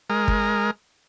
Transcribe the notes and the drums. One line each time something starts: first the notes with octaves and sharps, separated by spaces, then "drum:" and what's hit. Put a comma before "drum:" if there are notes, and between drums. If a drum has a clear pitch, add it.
G#3 A#4
drum: kick G1